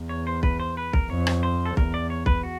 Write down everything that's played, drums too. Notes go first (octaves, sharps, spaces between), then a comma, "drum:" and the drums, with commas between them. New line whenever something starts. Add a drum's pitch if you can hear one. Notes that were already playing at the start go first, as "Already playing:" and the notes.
Already playing: E2
C#5
C5
B4, drum: kick B1
C5
B4
A#4, drum: kick B1
F2 C#5
drum: rim click
C5
A4
E2 A#4, drum: kick B1
D5
C#5
B4, drum: kick B1
F#4